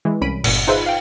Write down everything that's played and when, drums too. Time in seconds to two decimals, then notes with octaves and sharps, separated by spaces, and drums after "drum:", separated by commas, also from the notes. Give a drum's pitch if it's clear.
0.05 E3 G#3
0.21 C2 C#4 B5 D7 D#7
0.44 G1 A#2, drum: cymbal
0.67 D#4 F4 G#4 B4 C5 E5
0.86 F5 G5